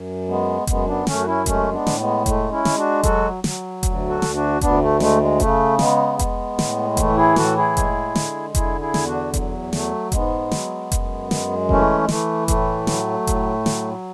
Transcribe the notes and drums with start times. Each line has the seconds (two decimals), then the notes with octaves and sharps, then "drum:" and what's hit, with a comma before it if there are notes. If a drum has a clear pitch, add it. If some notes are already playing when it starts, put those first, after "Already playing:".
Already playing: F#2
0.28 G#3 B3
0.67 F#2 G#3 B3, drum: kick F1, hi-hat
0.87 B3 D4
1.07 F#2 A3 C#4, drum: snare
1.21 F#4
1.27 C#4 E4
1.46 G#3 A3 C#4, drum: kick F1, hi-hat
1.73 B3 D4
1.87 A2, drum: snare
2.00 G#3 B3
2.26 G#3 A3, drum: kick F1, hi-hat
2.51 C#4 E4
2.65 G#3, drum: snare
2.77 D4 F#4
3.03 F#3 F#4 A4, drum: kick F1, hi-hat
3.44 F#3, drum: snare
3.83 D2, drum: kick F1, hi-hat
4.08 F#4 A4
4.22 D2, drum: snare
4.35 D4 F#4
4.61 D2 B3 D4, drum: kick F1, hi-hat
4.81 A3
5.00 G#3 A3, drum: snare
5.21 G#3
5.40 C#3 A3, drum: kick F1, hi-hat
5.79 G#3 B3, drum: snare
6.19 G#3, drum: kick F1, hi-hat
6.59 A2, drum: snare
6.94 B3
6.97 E3 A3, drum: kick F1, hi-hat
7.17 E4 G#4
7.36 A2 F#4 A4, drum: snare
7.57 E4 G#4
7.77 G#3, drum: kick F1, hi-hat
8.15 D3, drum: snare
8.55 D3 E4 G#4, drum: kick F1, hi-hat
8.81 E4 G#4
8.94 E2, drum: snare
9.07 D4 F#4
9.34 F#3, drum: kick F1, hi-hat
9.73 F#3 A3, drum: snare
10.12 G#2 G#3 B3, drum: kick F1, hi-hat
10.51 F#3, drum: snare
10.92 F#2, drum: kick F1, hi-hat
11.31 G#3, drum: snare
11.69 E3 A3 C#4, drum: kick F1
12.02 G#3
12.09 E3 A3, drum: snare
12.48 A2 A3, drum: kick F1, hi-hat
12.87 F#3, drum: snare
13.27 A2, drum: kick F1, hi-hat
13.66 F#3, drum: snare